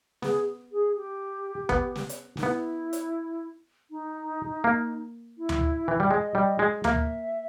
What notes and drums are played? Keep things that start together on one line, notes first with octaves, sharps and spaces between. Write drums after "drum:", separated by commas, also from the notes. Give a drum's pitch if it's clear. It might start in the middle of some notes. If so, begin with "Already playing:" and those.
B3 G#4, drum: snare
G#4
G4
B3, drum: kick
drum: snare
drum: hi-hat
D#4, drum: snare
B3 E4
drum: hi-hat
D#4
A#3
E4
drum: tom D2
E3
G3
G#3 D#5
G3
G#3
A#3 E5, drum: tom D2